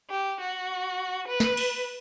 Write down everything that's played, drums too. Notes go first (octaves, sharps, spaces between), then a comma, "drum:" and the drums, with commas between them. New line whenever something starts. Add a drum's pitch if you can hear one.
G4
F#4
B4
drum: snare
drum: cymbal